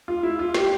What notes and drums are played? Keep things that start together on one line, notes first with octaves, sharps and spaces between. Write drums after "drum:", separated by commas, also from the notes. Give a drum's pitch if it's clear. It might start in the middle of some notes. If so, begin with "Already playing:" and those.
F4
E4
F4
G4, drum: snare